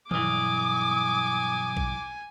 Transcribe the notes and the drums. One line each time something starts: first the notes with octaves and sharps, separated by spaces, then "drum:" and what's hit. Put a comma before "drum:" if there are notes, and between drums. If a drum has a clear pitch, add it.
B1 G2 E3 G#5 D6 D#6, drum: tom D#3
drum: kick A#1